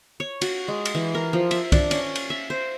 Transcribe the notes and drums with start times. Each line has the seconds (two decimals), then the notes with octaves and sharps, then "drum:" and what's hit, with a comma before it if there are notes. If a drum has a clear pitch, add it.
0.20 C#5
0.41 F#4, drum: cymbal
0.68 G#3
0.85 drum: cymbal
0.95 E3
1.15 A#4
1.33 F3
1.51 E5, drum: cymbal
1.72 D4, drum: kick, cymbal
1.91 C#4, drum: cymbal
2.15 drum: cymbal
2.30 E5
2.50 C5